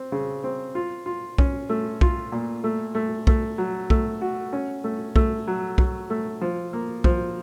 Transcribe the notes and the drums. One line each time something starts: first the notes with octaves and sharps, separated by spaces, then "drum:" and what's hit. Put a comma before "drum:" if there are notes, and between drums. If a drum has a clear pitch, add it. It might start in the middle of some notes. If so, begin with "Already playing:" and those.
Already playing: C4
C#3
C4
F4
F4
C#4, drum: kick B1
A3
F4, drum: kick B1
A#2
A3
A3
A3, drum: kick B1
F#3
A3, drum: kick B1
F#4
C#4
A3
A3, drum: kick B1
F#3
F#3, drum: kick B1
A3
F3
A#3
F3, drum: kick B1